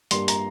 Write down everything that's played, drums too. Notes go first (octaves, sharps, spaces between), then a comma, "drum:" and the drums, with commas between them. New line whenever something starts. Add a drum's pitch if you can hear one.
G2 G3 A#3 C6, drum: hi-hat
A#5, drum: hi-hat